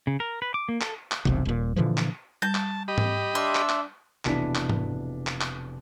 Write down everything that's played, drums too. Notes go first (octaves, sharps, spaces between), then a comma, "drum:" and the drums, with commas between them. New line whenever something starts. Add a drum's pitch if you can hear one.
C#3
A#4
B4
D6
A#3
A4, drum: clap
drum: clap
E1 B1 C3, drum: tom C3
D#1 A#2
A#2 D3 E3 F3
drum: clap
G3 A5 G6
drum: clap
G4 D#5 B5
drum: tom G#2
D4 E5 C6
drum: clap
drum: clap
F1 B2 E3 D4 B6, drum: clap
drum: clap
drum: tom G#2
drum: clap
drum: clap